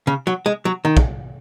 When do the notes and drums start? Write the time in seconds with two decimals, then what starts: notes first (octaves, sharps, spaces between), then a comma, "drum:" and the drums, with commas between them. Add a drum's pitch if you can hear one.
0.07 C#3
0.27 F#3
0.46 G#3
0.65 F#3
0.85 D#3
0.97 drum: kick